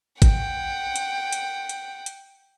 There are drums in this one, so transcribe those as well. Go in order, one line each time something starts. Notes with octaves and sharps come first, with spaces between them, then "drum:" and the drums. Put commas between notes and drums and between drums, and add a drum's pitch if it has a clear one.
F#5 G5, drum: kick G#1, hi-hat
drum: hi-hat
drum: hi-hat
drum: hi-hat
drum: hi-hat